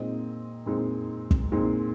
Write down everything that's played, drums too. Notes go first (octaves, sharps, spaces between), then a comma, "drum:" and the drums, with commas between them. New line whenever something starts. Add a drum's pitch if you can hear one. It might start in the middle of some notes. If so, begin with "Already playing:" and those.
Already playing: A#2 G#3 C4 D#4 D#5
A#2 G#3 C4 D#4
drum: kick
A#2 G#3 C4 D#4